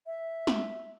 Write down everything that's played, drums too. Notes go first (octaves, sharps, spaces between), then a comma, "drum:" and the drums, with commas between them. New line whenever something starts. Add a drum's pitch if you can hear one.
E5
drum: snare